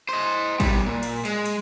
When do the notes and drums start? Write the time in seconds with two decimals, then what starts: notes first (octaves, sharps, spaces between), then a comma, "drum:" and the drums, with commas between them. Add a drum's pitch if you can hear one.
0.09 C5 D#5
0.60 B1 G3, drum: kick, cymbal
0.86 A#2
1.03 drum: cymbal
1.25 G#3, drum: cymbal
1.46 drum: cymbal